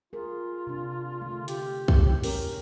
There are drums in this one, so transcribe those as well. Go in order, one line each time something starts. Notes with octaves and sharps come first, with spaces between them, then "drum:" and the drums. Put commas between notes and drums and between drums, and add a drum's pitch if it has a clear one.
F4 G#4 A#4
C3 D4
D3 A3
G4, drum: hi-hat
drum: kick
C#4 G4 A#4, drum: open hi-hat